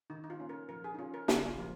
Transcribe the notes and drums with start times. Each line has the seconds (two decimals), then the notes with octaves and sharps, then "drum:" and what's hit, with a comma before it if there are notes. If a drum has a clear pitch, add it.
0.10 D#3 D#4
0.24 D#4
0.30 F4
0.40 A#3 C#4
0.49 A#4
0.69 F3 A#4
0.84 G#4
0.94 D#4
0.99 C#4 F4
1.14 A#4
1.28 C#3 G#4, drum: snare
1.48 F4
1.58 F3 A#3